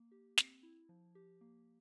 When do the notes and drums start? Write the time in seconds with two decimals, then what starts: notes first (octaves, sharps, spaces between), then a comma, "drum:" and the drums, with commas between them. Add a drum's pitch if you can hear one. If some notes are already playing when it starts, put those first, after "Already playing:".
Already playing: A#3
0.11 G4
0.38 C4, drum: snare
0.63 E4
0.89 F3
1.15 G4
1.41 A#3